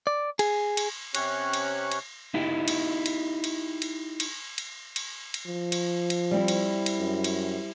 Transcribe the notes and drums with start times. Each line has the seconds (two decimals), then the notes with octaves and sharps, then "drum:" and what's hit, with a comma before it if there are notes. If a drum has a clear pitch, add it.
0.07 D5
0.39 G#4, drum: cymbal
0.77 drum: cymbal
1.15 C3 C#4 G4 C#5 C#6 F#6, drum: cymbal
1.53 drum: cymbal
1.92 drum: cymbal
2.34 D#4 E4 G4
2.68 drum: cymbal
3.06 drum: cymbal
3.44 drum: cymbal
3.82 drum: cymbal
4.20 drum: cymbal
4.58 drum: cymbal
4.96 drum: cymbal
5.34 drum: cymbal
5.46 F3
5.72 drum: cymbal
6.10 drum: cymbal
6.31 G3 C4 E4
6.48 drum: cymbal
6.86 drum: cymbal
6.98 F#2
7.24 drum: cymbal